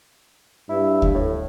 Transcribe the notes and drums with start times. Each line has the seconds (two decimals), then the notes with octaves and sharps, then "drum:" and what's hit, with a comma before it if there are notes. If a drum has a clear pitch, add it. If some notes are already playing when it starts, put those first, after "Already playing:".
0.69 G2 E4
1.02 drum: kick D2
1.14 A2